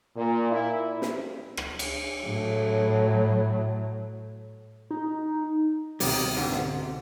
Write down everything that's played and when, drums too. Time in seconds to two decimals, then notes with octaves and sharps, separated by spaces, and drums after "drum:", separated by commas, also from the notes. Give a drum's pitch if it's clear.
0.16 A#2
0.52 E4
1.02 drum: snare
1.57 drum: rim click
1.79 drum: cymbal
2.24 A2 F#3
4.91 D#4
6.00 C#2 B2 D#3 G3 C4, drum: open hi-hat
6.37 G#2 D3
6.52 drum: snare